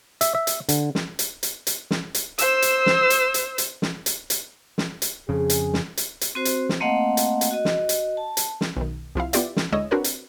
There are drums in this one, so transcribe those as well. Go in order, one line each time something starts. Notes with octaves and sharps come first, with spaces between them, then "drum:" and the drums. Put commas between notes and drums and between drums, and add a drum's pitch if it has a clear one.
E5, drum: hi-hat
E5
drum: hi-hat
D3, drum: hi-hat
drum: snare
drum: hi-hat
drum: hi-hat
drum: hi-hat
drum: snare
drum: hi-hat
C5 E6, drum: hi-hat
drum: hi-hat
drum: snare
drum: hi-hat
drum: hi-hat
drum: hi-hat
drum: snare
drum: hi-hat
drum: hi-hat
drum: snare
drum: hi-hat
F2 C#3 G#4
drum: hi-hat
drum: snare
drum: hi-hat
drum: hi-hat
C4 F#4 C5
drum: hi-hat
drum: snare
A3 A#3 C4 D#5 F5 F#5
drum: hi-hat
drum: hi-hat
F#4 D#5
drum: snare
drum: hi-hat
A5
drum: hi-hat
drum: snare
B1 D#3
C2 F3 E4 F5
B3 E4 F4 G4 D5 E5, drum: hi-hat
drum: snare
D2 G#3 E4 C#5 D#5 E6
C4 D4 F#4 A#4 B4 C#5
drum: hi-hat